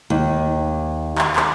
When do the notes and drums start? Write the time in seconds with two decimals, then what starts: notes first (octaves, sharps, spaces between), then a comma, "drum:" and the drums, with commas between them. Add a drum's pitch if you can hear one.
0.10 D#2
1.18 drum: clap
1.36 drum: clap